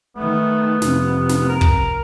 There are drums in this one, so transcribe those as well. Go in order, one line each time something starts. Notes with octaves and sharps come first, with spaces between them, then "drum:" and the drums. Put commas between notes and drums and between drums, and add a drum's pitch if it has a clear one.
D#3 A3 B3
F2 C3, drum: snare
drum: snare
A#4
drum: kick